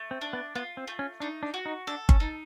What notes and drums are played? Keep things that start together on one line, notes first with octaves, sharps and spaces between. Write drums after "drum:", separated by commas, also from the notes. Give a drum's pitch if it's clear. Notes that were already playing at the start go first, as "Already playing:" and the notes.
Already playing: A3
C4
D4
B3
B3 F4
C4
A3
C#4
D4 D#4
D4
F#4
D#4
D4 A4
C#4, drum: kick G1
D#4